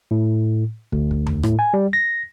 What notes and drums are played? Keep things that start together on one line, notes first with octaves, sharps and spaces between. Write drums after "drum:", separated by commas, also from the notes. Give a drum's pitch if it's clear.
A2
D2, drum: kick
drum: kick
drum: tom E2
A2, drum: rim click
G#5
G3
A#6